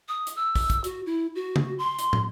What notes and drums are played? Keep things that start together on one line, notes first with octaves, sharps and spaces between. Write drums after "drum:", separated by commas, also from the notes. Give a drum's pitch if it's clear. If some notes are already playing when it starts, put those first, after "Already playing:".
D#6
drum: hi-hat
E6
drum: kick, open hi-hat
drum: kick, hi-hat
F#4, drum: hi-hat
E4
F#4
drum: tom
C6
drum: hi-hat
drum: tom